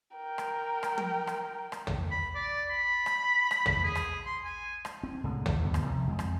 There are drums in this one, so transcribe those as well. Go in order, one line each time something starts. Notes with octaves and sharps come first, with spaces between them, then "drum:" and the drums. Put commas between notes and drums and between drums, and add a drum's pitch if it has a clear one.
A#4 G5
drum: rim click
drum: rim click
drum: tom
drum: rim click
drum: rim click
drum: tom
B5
D5
B5
drum: rim click
drum: rim click
drum: tom
G#4
drum: rim click
C6
G#5
drum: rim click
C4
C2 A2 D3 G#3
D#2, drum: tom
D2 G2 B3
drum: rim click
C3 F3
F2 G#3 C4
drum: rim click